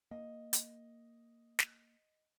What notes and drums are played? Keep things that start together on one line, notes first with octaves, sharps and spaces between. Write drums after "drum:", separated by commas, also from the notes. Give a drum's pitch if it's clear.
A#3 D#5
drum: hi-hat
drum: snare